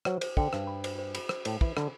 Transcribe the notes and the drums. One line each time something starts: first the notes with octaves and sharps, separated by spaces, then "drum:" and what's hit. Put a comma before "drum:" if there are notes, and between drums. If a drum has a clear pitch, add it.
F#3 C5, drum: rim click
C5, drum: cymbal
D3 G5, drum: kick
G2 C5, drum: rim click
B5
C5, drum: cymbal
C5
B5, drum: cymbal
C5, drum: rim click
A2 C5, drum: cymbal
E3 B5, drum: kick
D3 B5, drum: rim click